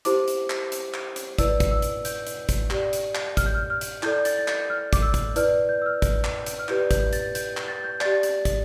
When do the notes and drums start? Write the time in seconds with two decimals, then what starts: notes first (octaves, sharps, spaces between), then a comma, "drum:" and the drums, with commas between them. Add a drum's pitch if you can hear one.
0.05 E4 G4 C5 D6, drum: hi-hat
0.28 drum: hi-hat
0.50 drum: clap
0.72 drum: hi-hat
0.94 drum: clap
1.16 drum: hi-hat
1.38 E4 B4 D5 E6, drum: kick, hi-hat
1.60 drum: kick, hi-hat
1.71 E6
1.82 drum: hi-hat
2.05 G6, drum: hi-hat
2.27 drum: hi-hat
2.49 drum: kick, hi-hat
2.70 G4 D5, drum: clap
2.93 drum: hi-hat
3.15 drum: clap
3.37 F6, drum: kick, hi-hat
3.46 G6
3.54 F6
3.70 F6
3.81 drum: hi-hat
4.03 E4 A4 D5 G6, drum: clap
4.25 A6, drum: hi-hat
4.39 A6
4.48 G6, drum: clap
4.70 F6
4.93 D6, drum: kick, hi-hat
5.02 E6
5.14 drum: kick, hi-hat
5.36 E4 B4 D5 F6, drum: hi-hat
5.69 G6
5.82 E6
5.86 F6
6.02 drum: kick, hi-hat
6.24 drum: clap
6.46 drum: hi-hat
6.59 F6
6.68 E4 G4 B4 D5 G6, drum: clap
6.91 G6, drum: kick, hi-hat
7.13 A6, drum: hi-hat
7.35 G6, drum: hi-hat
7.57 drum: clap
7.68 A6
7.84 G6
8.01 G4 D5 A6, drum: clap
8.23 drum: hi-hat
8.45 drum: kick, hi-hat